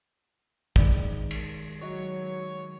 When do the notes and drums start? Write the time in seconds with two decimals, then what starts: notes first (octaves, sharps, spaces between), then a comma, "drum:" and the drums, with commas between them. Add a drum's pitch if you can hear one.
0.76 D#3 G#3 D#4 D5 B5, drum: kick
1.31 drum: cymbal
1.81 F#3 F#4 C#5 D#5